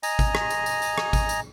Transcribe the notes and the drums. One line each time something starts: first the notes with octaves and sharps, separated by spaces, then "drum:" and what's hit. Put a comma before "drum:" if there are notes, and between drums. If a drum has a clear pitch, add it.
D#5 G#5 A#5, drum: tambourine
drum: kick G#1, tambourine
drum: rim click
drum: tambourine
drum: tambourine
drum: tambourine
drum: rim click
drum: kick G#1, tambourine
drum: tambourine